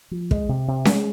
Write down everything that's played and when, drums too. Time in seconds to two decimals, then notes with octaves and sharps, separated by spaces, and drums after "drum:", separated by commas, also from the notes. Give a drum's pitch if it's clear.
0.11 F3
0.31 G#3, drum: kick
0.49 C3
0.68 C3
0.85 G#3, drum: snare C#4